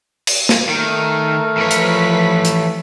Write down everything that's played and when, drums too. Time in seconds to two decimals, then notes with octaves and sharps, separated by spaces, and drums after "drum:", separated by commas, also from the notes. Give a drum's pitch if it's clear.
0.27 drum: cymbal
0.49 drum: snare
0.69 D#3 A3 A#4
1.58 E3 F3 B4 C#5 B6
1.71 drum: hi-hat
2.45 drum: hi-hat